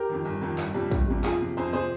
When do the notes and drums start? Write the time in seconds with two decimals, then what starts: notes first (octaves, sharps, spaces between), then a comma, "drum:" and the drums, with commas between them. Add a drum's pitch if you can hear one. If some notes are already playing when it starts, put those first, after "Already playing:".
Already playing: G4 A#4
0.09 F2 D#3
0.25 G1
0.41 F2 D#3
0.58 G1, drum: clap
0.74 F2 C3 G3
0.91 G1, drum: kick
1.08 F2 C3 G3
1.24 F2 F4 G#4, drum: clap
1.41 C3 F3
1.57 F2 G#4 C5
1.73 C3 F3 G#4 C5